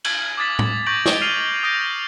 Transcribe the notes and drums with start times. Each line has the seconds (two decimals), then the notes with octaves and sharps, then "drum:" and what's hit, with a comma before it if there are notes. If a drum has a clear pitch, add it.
0.04 G#6 F#7, drum: cymbal
0.37 D6 D#6 A6 B6
0.59 drum: tom A2
0.86 C#6 D6 G6 A#6 D7 F#7
1.06 C#6 D#6 D7 G7, drum: snare
1.21 F6 C7 D#7 F7
1.63 D#6 G6 A#6 D7